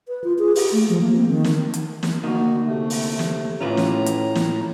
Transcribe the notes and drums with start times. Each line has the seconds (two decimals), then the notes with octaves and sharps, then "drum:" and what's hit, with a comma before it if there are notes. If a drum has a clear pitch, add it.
0.08 B4
0.24 F4
0.39 G#4
0.56 G4, drum: open hi-hat
0.72 A3
0.89 F3
1.01 A#3
1.15 C4
1.29 D#3
1.44 drum: snare
1.74 drum: hi-hat
2.03 drum: snare
2.23 D2 A#3 D#4 F#4
2.65 C3 A3
2.90 drum: open hi-hat
3.19 drum: snare
3.61 A2 C#4 F4 B4 A#5
3.77 drum: snare
4.06 drum: hi-hat
4.35 drum: snare